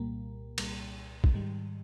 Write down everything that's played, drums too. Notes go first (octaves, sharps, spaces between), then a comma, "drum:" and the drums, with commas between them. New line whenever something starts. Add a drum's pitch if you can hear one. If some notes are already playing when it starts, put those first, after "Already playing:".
Already playing: C2 A#2 G3 A#3
C2 A#2 G3 A#3, drum: cymbal
drum: kick
G#2 D#3 G3